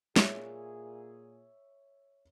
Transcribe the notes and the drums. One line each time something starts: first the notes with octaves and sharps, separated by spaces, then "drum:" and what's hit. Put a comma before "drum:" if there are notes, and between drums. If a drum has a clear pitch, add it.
A#2 G#4 C#5 E5, drum: snare